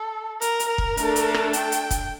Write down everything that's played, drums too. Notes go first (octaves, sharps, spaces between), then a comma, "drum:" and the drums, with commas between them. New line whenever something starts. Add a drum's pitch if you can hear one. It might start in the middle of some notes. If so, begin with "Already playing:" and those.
Already playing: A4
A#4, drum: hi-hat
drum: hi-hat
A#4
drum: kick
A3 D4 A4, drum: hi-hat
drum: hi-hat
drum: rim click
G5, drum: hi-hat
drum: hi-hat
drum: kick, hi-hat